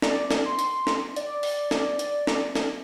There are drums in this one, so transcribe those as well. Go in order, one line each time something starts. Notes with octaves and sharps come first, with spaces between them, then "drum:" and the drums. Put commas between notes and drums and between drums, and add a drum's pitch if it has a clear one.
D5, drum: snare
drum: snare
C6
drum: hi-hat
drum: snare
D5, drum: hi-hat
drum: open hi-hat
drum: snare
drum: hi-hat
drum: snare
drum: snare